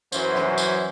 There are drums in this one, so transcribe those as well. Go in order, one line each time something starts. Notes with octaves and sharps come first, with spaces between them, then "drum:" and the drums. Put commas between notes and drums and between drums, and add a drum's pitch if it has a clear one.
F#2 E3 F#3 C#4 C5, drum: tambourine
drum: rim click
drum: tambourine